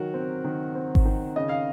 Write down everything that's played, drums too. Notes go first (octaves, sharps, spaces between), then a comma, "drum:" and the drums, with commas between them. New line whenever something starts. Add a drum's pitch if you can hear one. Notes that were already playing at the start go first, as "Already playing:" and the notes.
Already playing: D#3 F#3 F#4 A#4
C4
D#3
C4
drum: kick G#1
D#3
C#3 D#5
F5